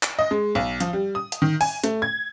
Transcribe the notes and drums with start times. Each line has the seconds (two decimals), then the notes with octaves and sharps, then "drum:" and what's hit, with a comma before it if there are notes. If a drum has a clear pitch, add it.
0.03 drum: clap
0.19 D#5
0.31 G#3
0.55 B1
0.80 F3, drum: hi-hat
0.93 G3
1.15 D#6
1.32 drum: hi-hat
1.42 D#3
1.61 G#5, drum: open hi-hat
1.84 A3, drum: hi-hat
2.02 G#6